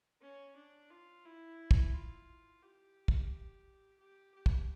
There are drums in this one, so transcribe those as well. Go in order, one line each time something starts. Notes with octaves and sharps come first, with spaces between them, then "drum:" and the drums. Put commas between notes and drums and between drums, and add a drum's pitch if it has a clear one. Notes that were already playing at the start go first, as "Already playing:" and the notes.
C#4
D4
F4
E4
drum: kick
F4
G4
drum: kick
G4
G4
drum: kick